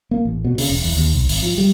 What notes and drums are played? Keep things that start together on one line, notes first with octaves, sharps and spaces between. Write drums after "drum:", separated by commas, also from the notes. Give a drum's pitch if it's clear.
A#3
A1
B2
C#3, drum: open hi-hat
E1
E2, drum: open hi-hat
D#2
B1
G#1, drum: open hi-hat
F3
G3